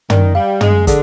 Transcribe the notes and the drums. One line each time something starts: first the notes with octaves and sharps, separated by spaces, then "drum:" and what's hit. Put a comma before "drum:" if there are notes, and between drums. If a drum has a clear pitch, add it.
D#3 D5, drum: tom
G3 F5
G#3 G#4, drum: tom
D3 G#4, drum: kick, hi-hat